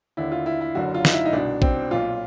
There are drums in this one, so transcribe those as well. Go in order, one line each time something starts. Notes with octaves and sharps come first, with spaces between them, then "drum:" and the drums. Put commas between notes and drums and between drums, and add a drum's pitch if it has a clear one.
D#2 D3 E4
F4
E4
E4
F#1 F#2 D3 F#4
F4
D#4, drum: snare
E4
D#4
C2 B2 D4
C4, drum: kick
B1 A#2 F4